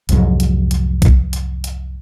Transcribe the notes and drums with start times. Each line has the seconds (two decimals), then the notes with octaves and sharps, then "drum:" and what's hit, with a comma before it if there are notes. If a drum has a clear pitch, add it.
0.09 C2 F2 G#2 F#3, drum: hi-hat
0.40 drum: hi-hat
0.71 drum: hi-hat
1.02 drum: kick, hi-hat
1.33 drum: hi-hat
1.64 drum: hi-hat